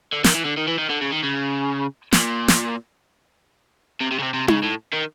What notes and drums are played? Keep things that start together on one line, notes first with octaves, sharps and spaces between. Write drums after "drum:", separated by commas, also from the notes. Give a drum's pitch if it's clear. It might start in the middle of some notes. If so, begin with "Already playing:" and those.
D3
D#3, drum: snare
E3
D3
D#3
E3
D#3
D3
C#3
D#3
C#3
A#2, drum: snare
drum: snare
C3
C3
C#3
C3
C3
C#3, drum: tom D#4
A2
D#3